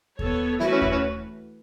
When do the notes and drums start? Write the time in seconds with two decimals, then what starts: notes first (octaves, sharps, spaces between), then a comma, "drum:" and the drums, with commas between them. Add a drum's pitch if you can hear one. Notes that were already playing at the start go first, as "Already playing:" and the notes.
0.19 B3 A4 C#5, drum: kick D#2
0.60 E3 A3 E4 F#4 B4, drum: snare
0.72 C#4
0.82 E4, drum: kick D#2
0.92 C#4